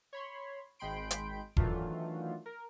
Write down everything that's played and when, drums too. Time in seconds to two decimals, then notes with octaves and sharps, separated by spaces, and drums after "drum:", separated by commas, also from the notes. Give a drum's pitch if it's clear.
0.13 C#5 B5 C6
0.79 G#1 G#3 G5 B5 C6 D7
1.11 drum: hi-hat
1.57 D#3 E3 F#3 A3 D4 F4, drum: kick E1
2.46 A#4